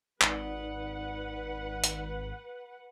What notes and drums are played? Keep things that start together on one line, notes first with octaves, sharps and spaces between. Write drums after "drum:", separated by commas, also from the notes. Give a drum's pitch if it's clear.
G#1 D#4 B4 D5 F#5, drum: clap
drum: hi-hat